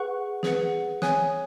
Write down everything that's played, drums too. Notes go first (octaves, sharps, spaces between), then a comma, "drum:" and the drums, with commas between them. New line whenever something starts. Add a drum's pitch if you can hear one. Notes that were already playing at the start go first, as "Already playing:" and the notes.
Already playing: G#4 B4 F#5 C#6 F#6
G#4 B4 F#5, drum: snare
C#5 G#5 D#6 F#6, drum: snare